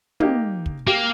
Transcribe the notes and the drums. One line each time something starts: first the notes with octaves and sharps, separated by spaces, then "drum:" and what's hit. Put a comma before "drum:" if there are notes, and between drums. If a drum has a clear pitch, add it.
A#3 D#4 G4, drum: tom
drum: kick
A#3 G4